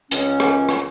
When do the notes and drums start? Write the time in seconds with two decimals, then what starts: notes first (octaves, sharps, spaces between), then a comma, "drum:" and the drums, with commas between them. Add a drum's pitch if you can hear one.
0.11 C#2 C#4, drum: hi-hat
0.40 drum: rim click
0.69 drum: rim click